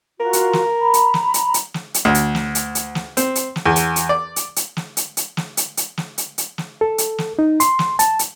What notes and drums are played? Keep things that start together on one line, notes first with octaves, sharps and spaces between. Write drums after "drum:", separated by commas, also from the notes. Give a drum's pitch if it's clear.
F4 F#4 A#4
drum: hi-hat
drum: snare
A#5 B5
drum: hi-hat
drum: snare
drum: hi-hat
drum: hi-hat
drum: snare
drum: hi-hat
D2
drum: hi-hat
drum: snare
drum: hi-hat
drum: hi-hat
drum: snare
C4, drum: hi-hat
drum: hi-hat
drum: snare
E2
drum: hi-hat
drum: hi-hat
D5
drum: hi-hat
drum: hi-hat
drum: snare
drum: hi-hat
drum: hi-hat
drum: snare
drum: hi-hat
drum: hi-hat
drum: snare
drum: hi-hat
drum: hi-hat
drum: snare
A4
drum: hi-hat
drum: snare
D#4
C6, drum: hi-hat
drum: snare
A5, drum: hi-hat
drum: hi-hat